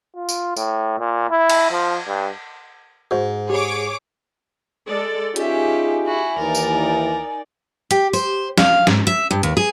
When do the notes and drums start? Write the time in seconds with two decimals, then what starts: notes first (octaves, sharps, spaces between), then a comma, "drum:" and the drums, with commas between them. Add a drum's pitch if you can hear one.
0.15 F4
0.29 drum: tambourine
0.57 A2, drum: tambourine
0.99 A#2
1.30 E4
1.50 drum: cymbal
1.71 F3
2.07 G2
3.11 G#2 F#4 C5
3.50 G4 G#4 C#5 D6
4.89 G#3 A4 D5
5.36 C#4 D#4 F4 G4 G#4 E5, drum: hi-hat
6.06 E4 F#4 G#5
6.38 D#2 E3 D#4 A#4 D5
6.55 drum: tambourine
7.91 G4, drum: hi-hat
8.13 C5, drum: tambourine
8.58 F5, drum: snare
8.87 G#2, drum: snare
9.07 E5
9.31 G2
9.43 D#2, drum: hi-hat
9.57 G#4